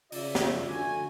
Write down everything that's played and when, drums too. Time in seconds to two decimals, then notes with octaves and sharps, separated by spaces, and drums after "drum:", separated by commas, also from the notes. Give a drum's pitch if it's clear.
0.12 C#3 F4 D5 E5, drum: open hi-hat
0.35 drum: snare
0.70 D3 A3 F#4 G#5